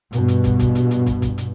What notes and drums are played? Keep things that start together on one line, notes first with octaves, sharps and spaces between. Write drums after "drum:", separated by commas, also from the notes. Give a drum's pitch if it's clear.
G2 B2, drum: hi-hat
drum: hi-hat
drum: kick, hi-hat
drum: kick, hi-hat
drum: hi-hat
drum: hi-hat
drum: kick, hi-hat
drum: kick, hi-hat
drum: hi-hat